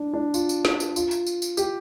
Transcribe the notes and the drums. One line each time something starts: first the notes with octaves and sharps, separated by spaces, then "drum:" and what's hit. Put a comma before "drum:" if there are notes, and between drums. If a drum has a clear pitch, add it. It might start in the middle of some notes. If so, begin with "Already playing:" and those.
Already playing: D4
D4
F4, drum: tambourine
drum: tambourine
drum: snare
drum: tambourine
F4, drum: tambourine
drum: tambourine
drum: tambourine
drum: tambourine
G4, drum: tambourine